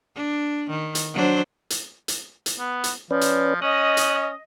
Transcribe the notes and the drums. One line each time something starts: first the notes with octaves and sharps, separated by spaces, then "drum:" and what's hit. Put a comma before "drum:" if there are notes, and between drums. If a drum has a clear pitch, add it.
D4
D#3
drum: hi-hat
F#3 D4 C5
drum: hi-hat
drum: hi-hat
drum: hi-hat
B3
drum: hi-hat
F3 C#4 B4 D5
drum: hi-hat
C#4 D#5 D#6 F#6
drum: hi-hat